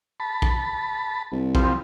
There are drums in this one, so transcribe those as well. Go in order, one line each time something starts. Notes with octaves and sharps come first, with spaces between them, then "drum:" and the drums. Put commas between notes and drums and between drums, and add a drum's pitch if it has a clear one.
A5 B5
drum: kick A#1
C2
F3 G3 C4, drum: kick A#1